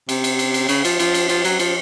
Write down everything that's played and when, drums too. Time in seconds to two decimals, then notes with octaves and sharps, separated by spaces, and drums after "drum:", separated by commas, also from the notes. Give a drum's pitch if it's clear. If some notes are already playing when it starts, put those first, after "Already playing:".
0.09 C3, drum: cymbal
0.24 drum: cymbal
0.39 drum: cymbal
0.54 drum: cymbal
0.69 C#3, drum: cymbal
0.85 F3, drum: cymbal
1.00 F3, drum: cymbal
1.14 drum: cymbal
1.29 F3, drum: cymbal
1.45 F#3, drum: cymbal
1.59 F3, drum: cymbal